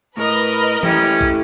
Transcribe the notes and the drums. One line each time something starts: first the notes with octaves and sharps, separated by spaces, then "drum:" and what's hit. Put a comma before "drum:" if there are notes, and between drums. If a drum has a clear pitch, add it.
A2 A#4 B4 D#5
A3 C#4 E4 G4, drum: tom E3
drum: kick A#1